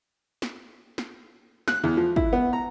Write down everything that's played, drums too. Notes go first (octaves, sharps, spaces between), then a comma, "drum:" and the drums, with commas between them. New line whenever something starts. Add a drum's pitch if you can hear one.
drum: snare
drum: snare
F#6, drum: snare
E2
F3
E4, drum: kick
B3
A#5